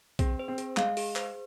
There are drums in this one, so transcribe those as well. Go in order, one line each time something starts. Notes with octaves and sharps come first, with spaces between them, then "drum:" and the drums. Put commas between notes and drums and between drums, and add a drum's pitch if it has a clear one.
C4 G#4, drum: kick B1, hi-hat
C5
C4
G#4, drum: hi-hat
G#3 F5, drum: clap
G#4, drum: open hi-hat
C5, drum: clap